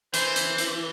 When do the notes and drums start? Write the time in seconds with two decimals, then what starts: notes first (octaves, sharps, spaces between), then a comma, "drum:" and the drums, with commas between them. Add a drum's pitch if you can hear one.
0.14 E3 C5, drum: hi-hat
0.36 drum: hi-hat
0.58 drum: hi-hat